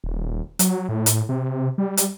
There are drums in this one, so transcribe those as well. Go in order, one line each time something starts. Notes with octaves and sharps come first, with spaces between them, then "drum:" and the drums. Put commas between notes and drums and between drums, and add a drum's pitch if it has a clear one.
D#1
F#3, drum: hi-hat
A2
drum: hi-hat
C3
G3
drum: hi-hat